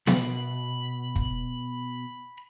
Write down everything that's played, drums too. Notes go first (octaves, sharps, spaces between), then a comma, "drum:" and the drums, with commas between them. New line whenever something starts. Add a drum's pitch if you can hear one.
B2 B5, drum: snare B3
drum: kick